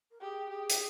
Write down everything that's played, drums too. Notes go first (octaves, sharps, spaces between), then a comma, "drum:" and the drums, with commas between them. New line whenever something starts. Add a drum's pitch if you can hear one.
A#4
G4 G#4
G4 G#4
drum: hi-hat